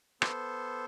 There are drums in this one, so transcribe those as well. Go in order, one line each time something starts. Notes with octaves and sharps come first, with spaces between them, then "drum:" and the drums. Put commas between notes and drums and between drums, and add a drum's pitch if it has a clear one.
B3 A4 C5, drum: rim click